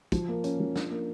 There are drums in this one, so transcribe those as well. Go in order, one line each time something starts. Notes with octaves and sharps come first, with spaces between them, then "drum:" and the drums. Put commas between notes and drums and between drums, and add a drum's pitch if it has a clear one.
F3, drum: kick, hi-hat
A#3
C#4, drum: hi-hat
F3
D4, drum: snare
A#3